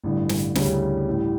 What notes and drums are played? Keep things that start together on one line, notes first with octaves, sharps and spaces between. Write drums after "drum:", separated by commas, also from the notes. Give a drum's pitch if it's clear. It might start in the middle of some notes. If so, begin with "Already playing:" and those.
A1 G2 D3
drum: snare
D2 C#3 G3 C#4 E4, drum: snare
A1 A2 G3